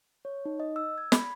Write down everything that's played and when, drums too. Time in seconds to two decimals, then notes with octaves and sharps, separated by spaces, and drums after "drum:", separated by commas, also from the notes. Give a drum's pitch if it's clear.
0.25 C#5
0.45 D#4
0.60 D#5
0.76 E6
0.98 G#6
1.12 B5, drum: snare